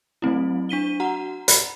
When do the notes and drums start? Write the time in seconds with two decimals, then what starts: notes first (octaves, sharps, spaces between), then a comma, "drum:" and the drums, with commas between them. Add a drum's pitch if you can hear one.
0.22 F#3 A3 C4 E4
0.69 D4 B6 D#7 G7
1.00 F#4 F#5 A#5
1.48 B5, drum: hi-hat